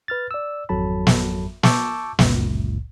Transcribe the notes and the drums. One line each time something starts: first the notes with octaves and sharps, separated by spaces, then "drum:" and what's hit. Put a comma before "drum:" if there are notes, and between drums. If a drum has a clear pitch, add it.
B4 F6 A6
D5 E6
G#1 F2 F#3 A4 A5 B5
drum: snare
A5 C#6 D6 E6 G6, drum: snare
G1 C#2 F#2 A#2, drum: snare